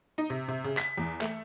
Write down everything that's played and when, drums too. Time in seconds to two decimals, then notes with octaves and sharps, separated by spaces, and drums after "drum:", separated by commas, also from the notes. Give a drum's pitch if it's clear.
0.18 D#4
0.30 C3
0.48 C3
0.64 C#3
0.77 B6, drum: clap
0.97 E2
1.21 A3, drum: clap